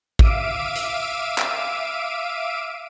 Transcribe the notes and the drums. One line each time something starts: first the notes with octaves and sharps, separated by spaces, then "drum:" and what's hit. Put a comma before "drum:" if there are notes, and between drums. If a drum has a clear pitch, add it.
E5 F5 D6 E6 D7 D#7, drum: kick A1
drum: hi-hat
drum: clap